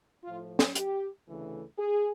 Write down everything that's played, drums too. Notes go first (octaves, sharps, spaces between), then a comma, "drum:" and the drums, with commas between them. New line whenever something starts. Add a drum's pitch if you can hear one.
A2 F3 A3 F4
drum: snare
G4, drum: hi-hat
D2 C#3 E3 A3
G#4